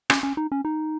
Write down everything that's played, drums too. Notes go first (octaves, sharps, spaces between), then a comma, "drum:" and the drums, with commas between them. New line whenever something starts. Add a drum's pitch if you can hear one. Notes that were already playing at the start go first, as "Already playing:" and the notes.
C#4, drum: rim click
C#4
D#4
C#4
D#4